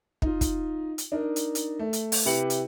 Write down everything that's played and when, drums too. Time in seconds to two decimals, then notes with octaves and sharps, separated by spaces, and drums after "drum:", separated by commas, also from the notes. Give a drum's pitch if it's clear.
0.22 D#4 F4, drum: kick
0.41 drum: kick, hi-hat
0.98 drum: hi-hat
1.12 D4 D#4 A#4
1.36 drum: hi-hat
1.55 drum: hi-hat
1.79 A3
1.93 drum: hi-hat
2.12 drum: open hi-hat
2.25 C3 E4 G4 B4 C#7 F#7
2.50 drum: hi-hat